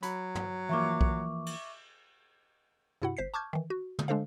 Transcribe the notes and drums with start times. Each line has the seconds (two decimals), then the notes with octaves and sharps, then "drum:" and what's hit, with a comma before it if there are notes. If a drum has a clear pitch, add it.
0.03 F#3 B5, drum: hi-hat
0.35 drum: tom
0.69 E3 F3 A#3 E5 C#6 D6
1.01 drum: kick
1.46 drum: cymbal
3.02 G2 C3 E4 F#4 F#5
3.17 G1 C5 B6 C7
3.34 A5 C#6 D6 F6 G6 G#6
3.53 D#3 E3
3.70 F#4
3.99 drum: tom
4.08 G#3 D4 A4 C5 F5